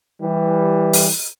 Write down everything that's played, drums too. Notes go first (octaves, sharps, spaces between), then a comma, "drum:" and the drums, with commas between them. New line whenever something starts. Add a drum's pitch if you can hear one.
E3 G3
drum: open hi-hat